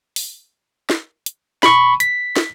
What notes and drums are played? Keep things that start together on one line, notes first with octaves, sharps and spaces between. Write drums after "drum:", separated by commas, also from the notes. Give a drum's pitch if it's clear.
drum: open hi-hat
drum: snare
drum: hi-hat
B5 C#6, drum: snare
B6, drum: hi-hat
drum: snare